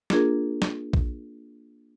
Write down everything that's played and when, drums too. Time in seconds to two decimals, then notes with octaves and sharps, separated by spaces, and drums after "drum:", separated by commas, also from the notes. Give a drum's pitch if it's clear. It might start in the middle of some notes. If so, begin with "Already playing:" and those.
0.10 A#3 D4 F4 G#4 A#4, drum: snare
0.62 drum: snare
0.93 drum: kick